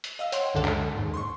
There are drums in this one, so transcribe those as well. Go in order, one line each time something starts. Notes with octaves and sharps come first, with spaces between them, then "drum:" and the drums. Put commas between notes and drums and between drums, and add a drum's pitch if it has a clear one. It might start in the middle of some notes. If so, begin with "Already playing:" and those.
drum: hi-hat
D#5 F5 E6
C#5 F#5 G5 C6, drum: hi-hat
C#2 F#2 D3 D4 A4
drum: clap
D#2 G#2
C6 C#6